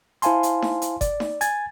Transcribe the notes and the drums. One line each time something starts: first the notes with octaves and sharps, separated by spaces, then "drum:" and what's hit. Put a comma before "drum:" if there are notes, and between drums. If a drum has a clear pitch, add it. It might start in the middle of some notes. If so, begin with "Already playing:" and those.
E4 C5 F5 G#5 A5 C6, drum: hi-hat
drum: hi-hat
drum: snare D#4
drum: hi-hat
D5, drum: kick G1, hi-hat
drum: snare D#4
G#5 G#6 A6, drum: hi-hat